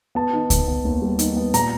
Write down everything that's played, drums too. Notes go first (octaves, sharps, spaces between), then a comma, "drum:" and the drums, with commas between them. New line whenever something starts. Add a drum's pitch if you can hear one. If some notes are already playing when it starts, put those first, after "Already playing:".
B3 A5
D#3
B3, drum: kick C#2, hi-hat
B3
D#2
G3
D#3, drum: hi-hat
B3
A#2 A#5, drum: hi-hat